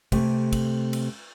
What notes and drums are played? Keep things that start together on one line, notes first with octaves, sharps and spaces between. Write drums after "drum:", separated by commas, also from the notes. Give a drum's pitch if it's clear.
C3 A3, drum: kick, cymbal
drum: kick, cymbal
drum: cymbal